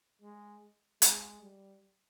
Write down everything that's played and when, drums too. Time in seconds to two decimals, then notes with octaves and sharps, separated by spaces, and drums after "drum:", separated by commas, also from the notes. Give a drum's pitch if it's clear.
0.22 G#3
1.02 G#3, drum: hi-hat
1.42 G3